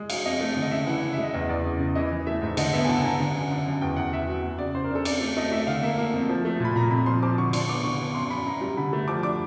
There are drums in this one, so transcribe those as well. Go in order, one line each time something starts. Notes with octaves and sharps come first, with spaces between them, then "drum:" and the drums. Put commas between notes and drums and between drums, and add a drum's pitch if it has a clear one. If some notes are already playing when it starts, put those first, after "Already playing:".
Already playing: G#3
F#3 F5, drum: cymbal
F2 D#5
A3
D3
D#5
C#3 E5
E3 F#5
C#3
G#3 E5
D#5
E2 D#5
E2 D5
C#3
C#3
E3 D#5
E3
A3 E5
G#2
D3 D#5, drum: cymbal
B3 E5
G#5
D3 A5
D3 A#5
D3 G#5
F#2
D3
F#2
E2 G5
E2 F#5
E2 E5
F#3
F#3
C#3 D5
C#3 C5
A#4
D4 A4
C4 D5, drum: cymbal
A3
A3 D#5
A3 E5
D3 F5
A#3 E5
A#3
F2
F3
A3
A#2 B5
A#2 A#5
F2 B5
F3 C6
F3 D6
D3 C#6
D4 C6, drum: cymbal
B3 D6
D3 C#6
B3
F#2 C6
F#2 B5
F#2 A#5
G3
D3 B5
A3
F3 D6
D4 D6